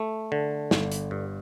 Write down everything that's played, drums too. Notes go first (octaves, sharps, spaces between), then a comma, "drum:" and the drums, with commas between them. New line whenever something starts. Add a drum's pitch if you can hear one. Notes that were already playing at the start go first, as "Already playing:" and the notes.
Already playing: A3
D3
G1, drum: snare
drum: hi-hat
G2